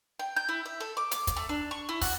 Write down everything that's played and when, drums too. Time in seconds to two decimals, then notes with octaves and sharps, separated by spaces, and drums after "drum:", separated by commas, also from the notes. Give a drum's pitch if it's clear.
0.19 G5
0.36 G6
0.49 E4
0.66 E5
0.80 A4
0.97 D6
1.11 D6, drum: hi-hat
1.27 drum: kick, hi-hat
1.37 A3
1.49 D4
1.71 C#6
1.89 E4
2.01 F#4, drum: kick, open hi-hat